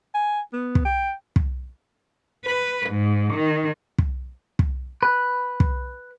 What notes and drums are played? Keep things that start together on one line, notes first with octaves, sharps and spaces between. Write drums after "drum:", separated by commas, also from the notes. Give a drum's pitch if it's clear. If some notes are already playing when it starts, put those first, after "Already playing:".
G#5
B3
drum: kick
G5
drum: kick
B4
G#2
D#3
drum: kick
drum: kick
B4
drum: kick